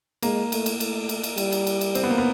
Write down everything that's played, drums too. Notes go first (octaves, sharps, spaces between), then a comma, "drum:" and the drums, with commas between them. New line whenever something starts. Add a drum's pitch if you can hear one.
G#3 A#3, drum: cymbal
A3, drum: cymbal
drum: cymbal
A3, drum: cymbal
drum: cymbal
drum: cymbal
G3, drum: cymbal
drum: cymbal
drum: cymbal
drum: cymbal
C4, drum: cymbal
B3
A#3
B3